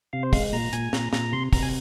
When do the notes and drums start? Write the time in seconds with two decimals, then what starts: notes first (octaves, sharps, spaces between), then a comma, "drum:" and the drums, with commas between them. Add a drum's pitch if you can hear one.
0.13 C3 F5
0.23 C5
0.33 G#3 F5, drum: kick, open hi-hat
0.52 A#2 A#5
0.73 A#2 G#5, drum: hi-hat
0.93 A#2 A#5, drum: snare
1.13 A#2 A#5, drum: snare
1.33 C3 C6
1.53 C3 A#5, drum: kick, open hi-hat
1.62 G#5